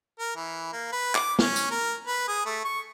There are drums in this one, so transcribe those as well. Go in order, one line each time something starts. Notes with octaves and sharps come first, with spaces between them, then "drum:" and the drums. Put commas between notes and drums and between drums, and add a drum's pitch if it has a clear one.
A#4
E3
A#3
B4
D6, drum: clap
C#4, drum: snare
drum: tambourine
A#4
B4
G#4
A3
C#6